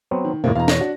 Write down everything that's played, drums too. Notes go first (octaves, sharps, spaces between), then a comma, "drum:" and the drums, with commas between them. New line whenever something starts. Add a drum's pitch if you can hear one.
F#3 B3 C4
D#3
F2 A2 C3 A#3
E2 B2 F5 A#5
C#5 A#6, drum: snare
D4 F#4